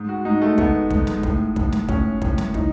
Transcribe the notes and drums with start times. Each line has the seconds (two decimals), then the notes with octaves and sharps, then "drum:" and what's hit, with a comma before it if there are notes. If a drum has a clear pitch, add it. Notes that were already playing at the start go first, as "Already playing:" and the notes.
Already playing: G#2
0.09 F#4
0.25 G#2 D#4
0.42 A3
0.58 A3 B3, drum: kick
0.91 G#2, drum: kick
1.07 drum: snare
1.23 A2, drum: kick
1.56 A2, drum: kick
1.72 drum: snare
1.89 A2 C#4, drum: kick
2.22 A2, drum: kick
2.38 drum: snare
2.54 E3 D#4, drum: kick